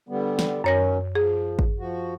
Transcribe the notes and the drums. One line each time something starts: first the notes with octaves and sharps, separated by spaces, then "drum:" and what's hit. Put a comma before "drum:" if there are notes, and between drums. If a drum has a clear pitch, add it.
D3 G3 B3
drum: snare
F#2 D#3 F#3 C#4 C#5 A#6
F3 G#4
drum: kick
F3 F#4